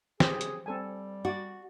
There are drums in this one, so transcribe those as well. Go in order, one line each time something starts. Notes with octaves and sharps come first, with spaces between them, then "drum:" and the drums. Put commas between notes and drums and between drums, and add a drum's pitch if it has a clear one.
G4 G#4 C5, drum: snare
drum: hi-hat
G3 C4 A4 G#5
F#4 D5